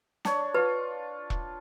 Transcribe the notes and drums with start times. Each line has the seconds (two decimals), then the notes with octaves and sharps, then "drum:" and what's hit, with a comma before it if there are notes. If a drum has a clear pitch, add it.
0.25 D4 C#5, drum: snare
0.55 F4 B4
1.30 drum: kick E1